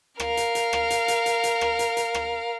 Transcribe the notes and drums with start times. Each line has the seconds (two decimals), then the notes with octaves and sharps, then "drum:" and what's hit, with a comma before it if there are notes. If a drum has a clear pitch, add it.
0.20 A#4 F5, drum: rim click
0.37 drum: hi-hat
0.55 drum: hi-hat
0.73 drum: rim click
0.90 drum: hi-hat
1.08 drum: hi-hat
1.26 drum: hi-hat
1.44 drum: hi-hat
1.61 drum: rim click
1.79 drum: hi-hat
1.97 drum: hi-hat
2.14 drum: rim click